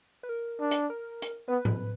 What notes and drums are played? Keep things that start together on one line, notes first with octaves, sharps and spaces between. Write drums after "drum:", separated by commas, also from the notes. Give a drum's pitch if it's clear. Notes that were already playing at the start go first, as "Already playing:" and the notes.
B4
A#4
D4
drum: hi-hat
A#4
drum: hi-hat
B3 B4
drum: tom A2